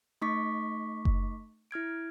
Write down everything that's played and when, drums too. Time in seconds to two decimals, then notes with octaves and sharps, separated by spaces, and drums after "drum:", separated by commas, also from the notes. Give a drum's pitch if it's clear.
0.21 A3 D#4 C#6 D6 B6
1.05 drum: kick F#1
1.71 E4 F6 G#6 D7